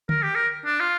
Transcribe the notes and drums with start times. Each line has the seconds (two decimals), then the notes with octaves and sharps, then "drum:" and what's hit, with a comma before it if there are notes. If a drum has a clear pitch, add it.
0.09 A#4, drum: tom D3
0.23 G4
0.35 A#4
0.65 D4
0.80 F4